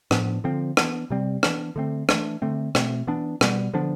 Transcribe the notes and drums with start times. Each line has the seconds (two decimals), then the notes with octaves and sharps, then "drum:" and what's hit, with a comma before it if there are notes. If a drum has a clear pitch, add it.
0.11 A2 F3 B3 D4, drum: rim click
0.44 D3 F3 C4
0.77 E3 B3 D4, drum: rim click
1.10 C3 G3 C4
1.43 E3 B3 D4, drum: rim click
1.76 D3 A3 C4
2.09 E3 A3 D4, drum: rim click
2.42 D3 A3 C4
2.75 B2 A3 C4, drum: rim click
3.07 E3 B3 D4
3.41 B2 G3 B3, drum: rim click
3.73 D3 F3 B3 D4